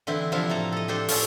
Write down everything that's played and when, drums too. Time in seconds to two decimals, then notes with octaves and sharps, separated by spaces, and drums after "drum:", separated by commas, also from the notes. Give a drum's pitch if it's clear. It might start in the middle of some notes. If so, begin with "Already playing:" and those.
0.07 D3 E3 C4 E4
0.32 C3 F3 D4 E4 F5
0.50 A2 A4 A#5
0.72 A4 D#5
0.88 D4 G4 A4 C5
1.08 A2 C#4 F4 C#5 A5, drum: open hi-hat